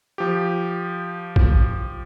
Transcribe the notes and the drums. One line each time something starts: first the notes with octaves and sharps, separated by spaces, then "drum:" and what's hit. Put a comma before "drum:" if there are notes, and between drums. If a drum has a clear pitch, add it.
F3 G4
drum: kick